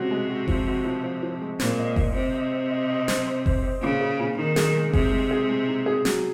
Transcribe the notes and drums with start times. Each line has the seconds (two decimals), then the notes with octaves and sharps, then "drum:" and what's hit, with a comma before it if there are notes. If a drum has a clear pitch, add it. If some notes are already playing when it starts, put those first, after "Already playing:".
Already playing: C3 F3 G#3 C#4 F#4
0.11 G#3
0.29 F#4
0.48 F3, drum: kick F#1
0.67 F#4
0.85 F3
1.03 F3
1.23 F3
1.41 G#3
1.60 A#2 C4, drum: snare
1.79 D#5
1.96 D#5, drum: kick F#1
2.15 C3 C4
2.34 D#5
2.53 C4
2.70 D#5
2.90 D#5
3.08 C5, drum: snare
3.27 C5
3.46 C5, drum: kick F#1
3.63 C4
3.82 A#2 C#3
4.01 G#4
4.19 A#2
4.38 D#3 D#4
4.56 G#4, drum: snare
4.75 G#3
4.93 C3 G#4, drum: kick F#1
5.12 G#3
5.31 G#4
5.49 G#3
5.68 D#4
5.86 G#4
6.05 F#3, drum: snare